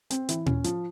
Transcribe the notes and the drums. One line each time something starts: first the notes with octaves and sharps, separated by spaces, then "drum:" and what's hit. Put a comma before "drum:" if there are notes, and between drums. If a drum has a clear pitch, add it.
C4, drum: hi-hat
E3, drum: hi-hat
C#4, drum: tom A#2
F3, drum: hi-hat